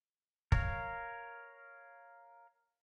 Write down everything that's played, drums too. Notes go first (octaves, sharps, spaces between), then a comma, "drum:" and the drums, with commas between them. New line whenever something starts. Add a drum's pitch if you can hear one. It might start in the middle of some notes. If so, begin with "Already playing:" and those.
A#4 C#5 F5, drum: kick